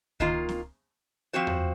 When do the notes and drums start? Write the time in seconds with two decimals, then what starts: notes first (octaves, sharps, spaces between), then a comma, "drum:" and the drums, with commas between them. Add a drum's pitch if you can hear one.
0.20 D#3 A#3 F4, drum: kick C#2
0.49 drum: snare
1.33 F3 C4 F#4 C5
1.47 drum: tom E2